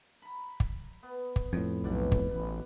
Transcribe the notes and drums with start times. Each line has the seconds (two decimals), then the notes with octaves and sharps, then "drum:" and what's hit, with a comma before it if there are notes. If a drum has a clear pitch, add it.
0.22 A#5 B5
0.60 drum: kick
1.03 B3
1.36 drum: kick
1.53 F2 A2
1.84 B1 B2 D5 F#5
2.12 drum: kick
2.31 A1 B4